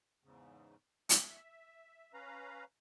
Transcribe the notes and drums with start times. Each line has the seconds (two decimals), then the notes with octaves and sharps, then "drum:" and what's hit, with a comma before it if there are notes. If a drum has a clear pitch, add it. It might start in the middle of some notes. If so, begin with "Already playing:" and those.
0.24 E2 G#2 C#3
1.09 E5, drum: hi-hat
2.13 C#4 B4 F5 A#5